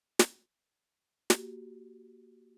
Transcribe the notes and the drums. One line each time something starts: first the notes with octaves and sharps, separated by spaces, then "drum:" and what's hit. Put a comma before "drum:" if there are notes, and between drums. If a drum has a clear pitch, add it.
drum: snare
A#3 F#4 G4, drum: snare